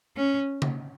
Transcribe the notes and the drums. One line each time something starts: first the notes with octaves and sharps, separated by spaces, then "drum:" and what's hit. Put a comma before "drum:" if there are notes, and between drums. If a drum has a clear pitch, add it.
C#4
drum: tom C#3